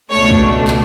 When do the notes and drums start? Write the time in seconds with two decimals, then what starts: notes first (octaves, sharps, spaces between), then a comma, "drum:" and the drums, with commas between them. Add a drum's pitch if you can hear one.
0.11 C#2 B2 A3 D4 C#5
0.30 drum: kick
0.68 drum: clap